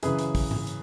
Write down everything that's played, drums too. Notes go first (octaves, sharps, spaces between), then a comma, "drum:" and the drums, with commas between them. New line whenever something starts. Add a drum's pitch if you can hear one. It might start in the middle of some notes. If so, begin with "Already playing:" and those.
F#2 C#3 E3 G#4 B4, drum: hi-hat
drum: hi-hat
drum: kick, open hi-hat
drum: tom G#2
drum: hi-hat